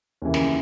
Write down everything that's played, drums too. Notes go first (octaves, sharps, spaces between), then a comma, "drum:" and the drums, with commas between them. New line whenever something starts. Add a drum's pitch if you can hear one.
D#2 C#3 E3
drum: snare